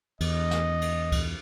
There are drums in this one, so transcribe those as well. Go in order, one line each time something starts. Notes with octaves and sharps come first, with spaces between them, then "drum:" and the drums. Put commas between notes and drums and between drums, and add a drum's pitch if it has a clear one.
E2 D#5, drum: cymbal
drum: snare
drum: cymbal
drum: kick C#2, cymbal